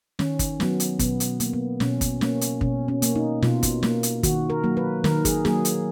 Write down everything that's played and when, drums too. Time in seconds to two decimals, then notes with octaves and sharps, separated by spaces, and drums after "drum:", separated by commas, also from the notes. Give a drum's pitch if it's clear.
0.19 D#3 C#4, drum: snare
0.39 drum: kick, hi-hat
0.60 F#3 B3, drum: snare
0.80 drum: hi-hat
0.99 B2 B3, drum: kick, hi-hat
1.20 drum: hi-hat
1.40 A#3, drum: hi-hat
1.53 B3
1.80 B2 C#4, drum: snare
2.01 drum: kick, hi-hat
2.21 A#3 C#4, drum: snare
2.41 drum: hi-hat
2.61 B2 C#4, drum: kick
2.88 C#4
3.02 A#3, drum: hi-hat
3.15 D#4
3.42 B2 F4, drum: snare
3.63 drum: kick, hi-hat
3.83 A#3, drum: snare
4.03 drum: hi-hat
4.23 D#3 F#4, drum: kick, hi-hat
4.50 A#4
4.64 F#3 A#3
4.77 B4
5.04 D#3 A#4, drum: snare
5.25 G#4, drum: kick, hi-hat
5.45 F#3 A#3 G#4, drum: snare
5.65 drum: hi-hat